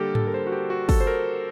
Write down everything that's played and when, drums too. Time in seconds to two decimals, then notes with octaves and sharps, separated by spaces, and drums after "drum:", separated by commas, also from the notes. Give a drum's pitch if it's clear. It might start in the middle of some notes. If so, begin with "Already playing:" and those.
Already playing: D3 G3 A#3 D4 G4 A4 A#4
0.15 A4, drum: tom G#2
0.27 A#4
0.34 C5
0.47 F#4
0.52 G4
0.70 F#4
0.89 A4, drum: kick, open hi-hat
1.00 C5
1.07 A#4